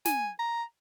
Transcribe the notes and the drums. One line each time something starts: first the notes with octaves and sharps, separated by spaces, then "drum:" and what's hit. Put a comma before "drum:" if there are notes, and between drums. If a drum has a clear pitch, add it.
G#5, drum: snare
A#5